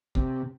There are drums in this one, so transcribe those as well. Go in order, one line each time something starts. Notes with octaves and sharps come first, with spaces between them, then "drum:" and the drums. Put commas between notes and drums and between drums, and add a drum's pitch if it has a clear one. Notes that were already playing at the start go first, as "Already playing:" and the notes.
C3, drum: kick